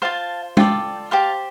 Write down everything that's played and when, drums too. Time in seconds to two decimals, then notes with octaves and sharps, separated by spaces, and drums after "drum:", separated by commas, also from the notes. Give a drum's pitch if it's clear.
0.02 F4 C5 F5 A5
0.57 F4 A4 D5 G5, drum: tom G#3
1.11 G4 C5 F5 A5